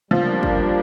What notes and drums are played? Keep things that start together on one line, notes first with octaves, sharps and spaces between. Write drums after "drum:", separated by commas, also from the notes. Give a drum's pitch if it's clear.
F3 G3 A#3 D4
drum: kick